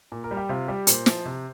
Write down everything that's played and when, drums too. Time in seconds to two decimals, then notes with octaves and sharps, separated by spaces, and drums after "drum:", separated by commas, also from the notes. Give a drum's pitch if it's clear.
0.12 A#2
0.24 A#4
0.31 G3
0.37 G4
0.49 C3 F4
0.68 G3 G4
0.87 A#2 C5, drum: hi-hat
1.06 F3, drum: snare
1.26 C3